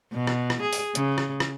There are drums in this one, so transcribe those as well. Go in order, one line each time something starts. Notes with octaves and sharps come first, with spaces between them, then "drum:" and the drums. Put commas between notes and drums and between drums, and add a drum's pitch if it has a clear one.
B2
drum: rim click
drum: rim click
G#4
drum: open hi-hat
C#3, drum: hi-hat
drum: rim click
drum: rim click